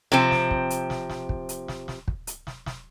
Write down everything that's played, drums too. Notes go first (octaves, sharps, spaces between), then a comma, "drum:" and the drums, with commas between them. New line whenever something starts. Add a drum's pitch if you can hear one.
C3 F3 C4, drum: snare
drum: snare
drum: kick
drum: hi-hat
drum: snare
drum: snare
drum: kick
drum: hi-hat
drum: snare
drum: snare
drum: kick
drum: hi-hat
drum: snare
drum: snare